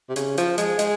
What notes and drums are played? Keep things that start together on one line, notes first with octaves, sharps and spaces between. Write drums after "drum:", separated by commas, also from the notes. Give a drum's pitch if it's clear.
C3
C#3, drum: hi-hat
F3, drum: hi-hat
G#3, drum: hi-hat
G#3, drum: hi-hat